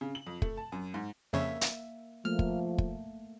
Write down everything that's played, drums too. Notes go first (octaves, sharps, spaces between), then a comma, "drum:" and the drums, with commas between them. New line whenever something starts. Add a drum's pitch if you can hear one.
C#3
F#7
F2
A3, drum: kick
A5
F#2
G#2
F2 C#3 A#3 C#5 E5
drum: hi-hat
F3 A3 A#3 F6
drum: kick
drum: kick